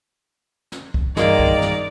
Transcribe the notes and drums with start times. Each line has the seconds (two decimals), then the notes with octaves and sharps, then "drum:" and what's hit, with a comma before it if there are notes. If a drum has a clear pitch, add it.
0.72 drum: snare
0.94 drum: kick
1.17 G2 D#3 E3 G3 G#3 A#3 D5 A#5, drum: snare
1.39 drum: kick
1.62 drum: snare